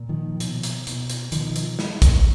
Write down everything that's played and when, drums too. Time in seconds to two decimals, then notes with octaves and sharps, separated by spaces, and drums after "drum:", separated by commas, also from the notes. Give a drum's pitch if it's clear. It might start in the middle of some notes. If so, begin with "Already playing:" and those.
Already playing: A#2
0.09 D#3 F3
0.40 B2, drum: hi-hat
0.63 drum: hi-hat
0.87 B2, drum: hi-hat
1.10 drum: hi-hat
1.32 B2 D#3 F3, drum: hi-hat
1.56 drum: hi-hat
1.79 drum: snare
2.02 drum: kick A1, hi-hat